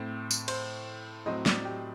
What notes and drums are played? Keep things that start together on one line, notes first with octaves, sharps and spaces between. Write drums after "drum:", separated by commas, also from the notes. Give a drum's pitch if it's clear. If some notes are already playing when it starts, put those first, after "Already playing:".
Already playing: A2 A3 C4
drum: tambourine
C5, drum: cymbal
A2 F#3 C4 D#5
D5, drum: snare
G4